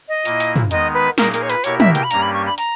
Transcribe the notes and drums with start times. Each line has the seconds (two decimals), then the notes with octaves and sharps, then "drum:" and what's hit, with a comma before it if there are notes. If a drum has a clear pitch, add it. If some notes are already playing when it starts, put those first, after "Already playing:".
0.09 D#5
0.25 A#2 A#3 E4, drum: hi-hat
0.40 drum: hi-hat
0.56 drum: tom
0.71 D#3 G#3 B3 D#4 D#5, drum: hi-hat
0.94 B4
1.18 A#2 A#3 D#4 G#4 A#4, drum: snare
1.34 A#4, drum: hi-hat
1.43 C#5
1.50 B4, drum: hi-hat
1.64 B2 A#3 E4 G4 A#4 C#5, drum: hi-hat
1.80 E5, drum: tom
1.95 G5, drum: hi-hat
2.03 B5
2.11 G2 G3 A#3 C#4 G4 A#5, drum: hi-hat
2.22 B5
2.34 C#6
2.46 B5
2.58 A#5, drum: hi-hat